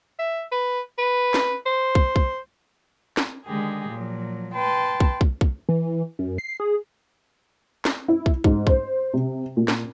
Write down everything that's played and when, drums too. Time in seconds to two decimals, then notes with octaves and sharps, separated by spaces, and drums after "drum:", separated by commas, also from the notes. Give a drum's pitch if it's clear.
0.19 E5
0.52 B4
0.98 B4
1.34 drum: snare
1.66 C5
1.95 drum: kick
2.16 drum: kick
3.17 drum: snare
3.46 D3 D#3 G#3 G4 G#4
3.89 A#2 F3 F#3
4.55 B4 G5 A5 C6
5.00 drum: kick
5.21 drum: kick
5.41 drum: kick
5.69 E3
6.19 F#2
6.38 C7
6.60 G#4
7.85 drum: snare
8.08 E4
8.26 drum: kick
8.44 G#2, drum: kick
8.67 C5, drum: kick
9.14 C3
9.57 A#2
9.68 drum: snare